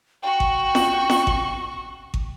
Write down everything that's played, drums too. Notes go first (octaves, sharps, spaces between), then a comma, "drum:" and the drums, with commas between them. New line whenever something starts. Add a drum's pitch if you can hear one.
F#4 G5 C#6
drum: kick G#1
drum: snare F4
drum: snare F4
drum: kick G#1
drum: kick G#1